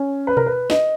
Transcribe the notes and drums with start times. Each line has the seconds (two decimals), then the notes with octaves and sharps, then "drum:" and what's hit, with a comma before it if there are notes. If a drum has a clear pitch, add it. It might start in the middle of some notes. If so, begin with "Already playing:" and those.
Already playing: C#4
0.27 B4
0.37 A#4, drum: tom B2
0.46 B4
0.70 D#5, drum: snare